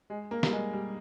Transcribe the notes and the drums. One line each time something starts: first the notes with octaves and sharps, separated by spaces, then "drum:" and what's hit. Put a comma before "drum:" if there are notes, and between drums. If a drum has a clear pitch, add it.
G#3
A#3
G3, drum: snare
G#3
G3